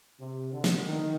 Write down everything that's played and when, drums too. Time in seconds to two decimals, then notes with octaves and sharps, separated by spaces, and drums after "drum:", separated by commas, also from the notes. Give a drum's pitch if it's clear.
0.20 C3
0.53 D3
0.64 drum: snare
0.86 D#3